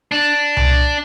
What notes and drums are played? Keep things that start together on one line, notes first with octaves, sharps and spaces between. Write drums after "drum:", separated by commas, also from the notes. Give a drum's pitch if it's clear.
D4
drum: tom C2